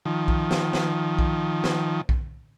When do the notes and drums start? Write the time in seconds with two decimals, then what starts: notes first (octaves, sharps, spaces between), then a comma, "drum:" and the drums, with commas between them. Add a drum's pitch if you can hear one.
0.05 D#3 F3
0.28 drum: kick B1
0.51 drum: snare
0.73 drum: snare
1.19 drum: kick B1
1.64 drum: snare
2.09 drum: kick B1